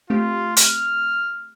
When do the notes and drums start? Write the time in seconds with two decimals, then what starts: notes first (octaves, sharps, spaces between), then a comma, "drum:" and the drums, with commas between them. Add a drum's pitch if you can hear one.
0.10 A3 C4 F4 G4
0.57 F6, drum: hi-hat